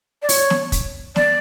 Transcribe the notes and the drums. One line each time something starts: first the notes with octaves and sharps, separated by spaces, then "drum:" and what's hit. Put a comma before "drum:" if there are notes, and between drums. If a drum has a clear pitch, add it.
D5
C#5, drum: open hi-hat
drum: snare
drum: kick, hi-hat
D5, drum: snare